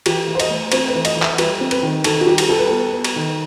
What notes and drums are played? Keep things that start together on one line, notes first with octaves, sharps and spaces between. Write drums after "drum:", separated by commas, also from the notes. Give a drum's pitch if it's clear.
E3 G4, drum: cymbal
E3
C5
D#5, drum: cymbal
A3
C4 C5, drum: cymbal
B4
E3
D#5, drum: cymbal
E3
E5, drum: clap
G3 B4, drum: cymbal
C4
B4, drum: cymbal
D#3
D#3 A4, drum: cymbal
F#4
G3 G4
drum: cymbal
G3 A4
B4
B3 A4
B3
drum: cymbal
D#3